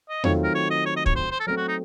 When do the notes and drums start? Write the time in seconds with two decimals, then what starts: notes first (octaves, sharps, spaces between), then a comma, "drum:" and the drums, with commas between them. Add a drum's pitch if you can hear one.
0.09 D#5
0.24 D#3 F#3 A3 C4 F4 C#5, drum: tom E2
0.44 A#4
0.55 C#5
0.70 D#5
0.86 C#5
0.96 D#5
1.06 C#5, drum: kick
1.16 C5
1.31 C5
1.40 A4
1.47 F#3 A3 C4 A#4
1.57 F#4
1.68 D#4